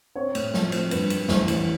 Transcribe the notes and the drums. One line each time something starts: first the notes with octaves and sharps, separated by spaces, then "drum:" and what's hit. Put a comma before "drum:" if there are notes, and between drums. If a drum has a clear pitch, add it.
C4 C#5
A2, drum: cymbal
F3, drum: snare
C4, drum: cymbal
G2 B4, drum: cymbal
G3, drum: cymbal
A1 C5, drum: snare
A1, drum: cymbal